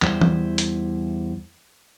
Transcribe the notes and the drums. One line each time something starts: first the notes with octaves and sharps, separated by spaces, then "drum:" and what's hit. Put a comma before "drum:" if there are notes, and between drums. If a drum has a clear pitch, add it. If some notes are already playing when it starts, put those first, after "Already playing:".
E2 G3 E4 C5 G5, drum: clap
drum: tom E3
drum: hi-hat